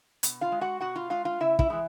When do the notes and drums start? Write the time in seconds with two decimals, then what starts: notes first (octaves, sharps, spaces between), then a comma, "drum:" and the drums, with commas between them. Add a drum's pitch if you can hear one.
0.23 B2, drum: hi-hat
0.41 F4 F5
0.52 G#3
0.61 F#4 F#5
0.81 B2 F#4 F#5
0.96 F4 F5
1.10 G#3 F4 F5
1.25 F4 F5
1.40 C#3 E4 E5
1.59 E4 E5, drum: kick
1.70 E3 G#3